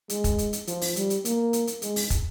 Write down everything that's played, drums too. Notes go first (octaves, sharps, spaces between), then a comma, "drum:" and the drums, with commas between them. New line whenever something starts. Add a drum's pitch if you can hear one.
G#3, drum: hi-hat
drum: kick, hi-hat
drum: hi-hat
drum: hi-hat
F3, drum: hi-hat
drum: open hi-hat
G3, drum: hi-hat
drum: hi-hat
A#3, drum: hi-hat
drum: hi-hat
drum: hi-hat
G#3, drum: hi-hat
drum: open hi-hat
drum: kick, hi-hat